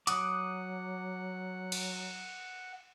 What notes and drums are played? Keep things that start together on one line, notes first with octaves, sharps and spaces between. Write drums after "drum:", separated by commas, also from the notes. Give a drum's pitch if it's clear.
F#3 F#5 D6 D#6 F#6, drum: hi-hat
drum: cymbal